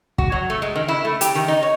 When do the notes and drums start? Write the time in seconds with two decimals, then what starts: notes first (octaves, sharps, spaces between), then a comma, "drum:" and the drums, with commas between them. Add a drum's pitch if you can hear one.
0.18 F#4, drum: kick
0.32 F#3
0.50 A3
0.62 G#3
0.76 D#3
0.88 E4
1.05 A3
1.21 G4, drum: hi-hat
1.35 D#3
1.48 D#4
1.63 C#5